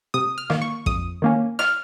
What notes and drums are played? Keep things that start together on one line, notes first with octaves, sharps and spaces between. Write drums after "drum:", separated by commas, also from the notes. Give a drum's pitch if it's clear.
C3 D#6
F6
D#3 A#3, drum: rim click
C#6
F2 D#6, drum: kick A1
D#3 A#3 C#4
F6, drum: rim click